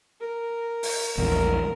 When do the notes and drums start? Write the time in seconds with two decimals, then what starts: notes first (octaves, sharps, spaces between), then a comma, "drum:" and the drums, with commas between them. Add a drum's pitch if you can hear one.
0.21 A#4
0.83 drum: open hi-hat
1.18 A#1 E2 A#4